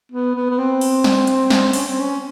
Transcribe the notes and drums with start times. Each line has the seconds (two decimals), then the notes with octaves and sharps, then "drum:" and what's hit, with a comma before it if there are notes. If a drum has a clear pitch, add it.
0.12 B3
0.35 B3
0.50 B3
0.58 C4
0.81 drum: open hi-hat
1.04 drum: snare
1.27 drum: hi-hat
1.50 drum: snare
1.73 C#4, drum: open hi-hat
1.87 C4
2.00 C#4